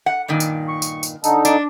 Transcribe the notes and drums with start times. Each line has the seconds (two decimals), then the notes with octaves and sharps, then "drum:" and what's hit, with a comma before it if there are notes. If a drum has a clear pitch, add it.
0.06 F#5
0.28 G2 A#2 D#3
0.40 drum: tambourine
0.69 C#6
0.82 drum: tambourine
1.03 drum: tambourine
1.24 D3 D#4 A4, drum: tambourine
1.45 D4, drum: tambourine